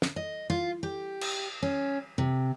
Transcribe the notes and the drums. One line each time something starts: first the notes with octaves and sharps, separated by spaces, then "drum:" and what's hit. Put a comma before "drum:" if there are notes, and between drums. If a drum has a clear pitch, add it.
drum: snare
D#5
F4
G4
drum: cymbal
C#4
C3